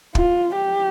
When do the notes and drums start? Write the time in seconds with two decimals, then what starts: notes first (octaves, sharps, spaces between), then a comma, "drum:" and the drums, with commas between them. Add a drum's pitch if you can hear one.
0.15 F4, drum: kick
0.56 G4